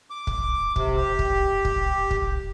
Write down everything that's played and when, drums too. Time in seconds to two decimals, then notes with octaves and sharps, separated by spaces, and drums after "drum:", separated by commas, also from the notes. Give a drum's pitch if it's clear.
0.10 D6
0.27 drum: kick
0.76 C3, drum: kick
0.96 G4
1.19 drum: kick
1.65 drum: kick
2.11 drum: kick